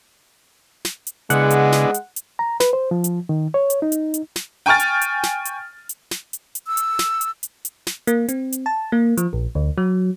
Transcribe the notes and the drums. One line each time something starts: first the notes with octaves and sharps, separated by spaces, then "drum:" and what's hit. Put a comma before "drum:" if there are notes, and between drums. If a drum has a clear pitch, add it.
drum: snare
drum: hi-hat
C#3 G#3 B3 D4 E4 F#5, drum: hi-hat
drum: hi-hat
drum: snare
drum: hi-hat
drum: hi-hat
A#5
B4, drum: snare
C5
F3
drum: hi-hat
D#3
C#5
drum: hi-hat
D#4
drum: hi-hat
drum: hi-hat
drum: snare
G5 G#5 C#6 F6 A6
drum: hi-hat
drum: hi-hat
drum: snare
drum: hi-hat
drum: hi-hat
drum: snare
drum: hi-hat
drum: hi-hat
E6
drum: hi-hat
drum: snare
drum: hi-hat
drum: hi-hat
drum: hi-hat
drum: snare
A#3, drum: hi-hat
C4, drum: hi-hat
drum: hi-hat
A5
A#3
F3, drum: hi-hat
A#1
D2
F#3